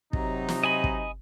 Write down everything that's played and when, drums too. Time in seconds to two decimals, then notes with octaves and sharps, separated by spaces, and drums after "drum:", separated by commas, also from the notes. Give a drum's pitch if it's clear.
0.13 C3 F#3 D#4, drum: kick
0.49 drum: snare
0.63 D#5 G#5 B5
0.84 drum: kick